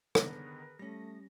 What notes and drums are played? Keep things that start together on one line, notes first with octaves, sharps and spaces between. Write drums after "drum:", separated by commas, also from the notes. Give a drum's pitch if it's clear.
D3 D#3 B3 G#4 A#4 B4, drum: rim click
G3 A3 C#4 D#6 A#6